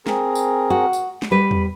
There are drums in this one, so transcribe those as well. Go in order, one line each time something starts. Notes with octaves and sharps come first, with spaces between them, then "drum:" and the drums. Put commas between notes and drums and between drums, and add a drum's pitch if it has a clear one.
C4 G#4 A#4, drum: snare
drum: tambourine
F#4
drum: tambourine
drum: snare
G3 B4 B5
drum: tom E2